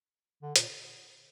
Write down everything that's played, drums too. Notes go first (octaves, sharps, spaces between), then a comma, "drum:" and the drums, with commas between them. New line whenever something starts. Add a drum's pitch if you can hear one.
D3
A#2, drum: hi-hat